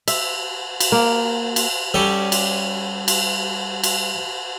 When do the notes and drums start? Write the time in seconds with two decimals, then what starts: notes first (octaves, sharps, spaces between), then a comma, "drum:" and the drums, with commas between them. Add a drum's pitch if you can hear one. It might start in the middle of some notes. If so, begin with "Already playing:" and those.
0.08 E5, drum: cymbal
0.80 drum: cymbal
0.92 A#3
1.56 drum: cymbal
1.94 G3 C#4 G4 A4 D5
2.32 drum: cymbal
3.08 drum: cymbal
3.84 drum: cymbal